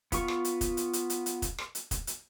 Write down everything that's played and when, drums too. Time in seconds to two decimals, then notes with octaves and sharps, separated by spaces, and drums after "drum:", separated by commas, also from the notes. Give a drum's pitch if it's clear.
0.12 B3 F4 C#6, drum: kick, hi-hat
0.28 drum: rim click
0.45 drum: hi-hat
0.61 drum: kick, hi-hat
0.77 drum: hi-hat
0.93 drum: hi-hat
1.10 drum: hi-hat
1.26 drum: hi-hat
1.42 drum: kick, hi-hat
1.58 drum: rim click
1.75 drum: hi-hat
1.91 drum: kick, hi-hat
2.07 drum: hi-hat